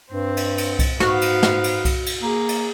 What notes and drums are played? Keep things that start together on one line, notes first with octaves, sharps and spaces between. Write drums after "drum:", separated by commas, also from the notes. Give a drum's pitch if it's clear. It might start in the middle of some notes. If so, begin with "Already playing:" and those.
G2 C4
drum: cymbal
drum: cymbal
drum: kick C2, cymbal
G#2 B3 F#4 F5, drum: snare
drum: cymbal
drum: snare
drum: cymbal
drum: kick C2, cymbal
drum: cymbal
A#3 G#4
drum: cymbal